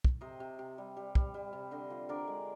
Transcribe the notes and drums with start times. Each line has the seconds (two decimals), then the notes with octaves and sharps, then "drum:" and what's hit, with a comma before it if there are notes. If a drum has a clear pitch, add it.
0.04 drum: kick
0.21 C3 C5 D#5
0.40 C3
0.59 C3
0.78 G3
0.97 G3
1.15 G3, drum: kick
1.34 G3
1.53 C3
1.71 D3 C5 D#5
1.90 F3
2.09 D3 A#4 D5
2.27 G#3